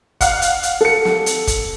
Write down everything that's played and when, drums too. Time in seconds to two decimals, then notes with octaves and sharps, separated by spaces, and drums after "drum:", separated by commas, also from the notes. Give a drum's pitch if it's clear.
0.21 F5 F#5, drum: kick, hi-hat
0.42 drum: hi-hat
0.63 drum: hi-hat
0.81 A4 C#7
1.05 drum: snare
1.26 drum: hi-hat
1.47 drum: kick, hi-hat